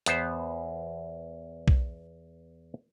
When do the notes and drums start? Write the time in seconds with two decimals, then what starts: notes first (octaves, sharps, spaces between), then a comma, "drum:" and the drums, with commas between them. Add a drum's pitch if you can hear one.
0.06 E2 B3 C5, drum: hi-hat
1.68 drum: kick B1